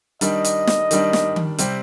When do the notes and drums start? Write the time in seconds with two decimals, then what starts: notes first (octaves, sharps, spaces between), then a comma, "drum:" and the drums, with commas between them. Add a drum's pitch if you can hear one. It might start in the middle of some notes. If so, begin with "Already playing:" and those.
0.21 D#3 G3 D4 D#5, drum: hi-hat
0.45 drum: hi-hat
0.67 drum: snare
0.91 D#3 G3 D4, drum: hi-hat
1.13 drum: snare
1.36 drum: tom D#3
1.58 C3 G3 C4, drum: hi-hat